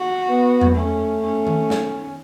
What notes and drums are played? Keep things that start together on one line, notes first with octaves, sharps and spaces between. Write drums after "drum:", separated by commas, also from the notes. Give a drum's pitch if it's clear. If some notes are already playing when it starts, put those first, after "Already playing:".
Already playing: F#4
B3
drum: tom
A3 C#4
C#4
drum: tom D#3
drum: snare